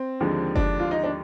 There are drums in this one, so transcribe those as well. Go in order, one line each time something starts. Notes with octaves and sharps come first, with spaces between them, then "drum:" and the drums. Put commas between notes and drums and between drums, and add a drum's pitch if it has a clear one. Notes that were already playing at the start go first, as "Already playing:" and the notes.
Already playing: C4
D#2 D3 F3 G#3
D4, drum: kick F#1
F4
D#4
D4